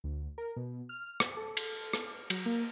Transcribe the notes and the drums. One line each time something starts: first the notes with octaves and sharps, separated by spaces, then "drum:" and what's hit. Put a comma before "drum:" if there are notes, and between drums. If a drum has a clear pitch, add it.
D2
A#4
B2
F6
drum: rim click
A4
drum: cymbal
drum: rim click
F#3, drum: cymbal
A#3